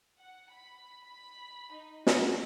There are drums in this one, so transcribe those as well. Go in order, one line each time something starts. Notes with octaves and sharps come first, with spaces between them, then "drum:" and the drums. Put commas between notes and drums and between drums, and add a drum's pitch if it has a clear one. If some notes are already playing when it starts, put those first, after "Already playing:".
F#5
B5
B5
D#4
F#4, drum: snare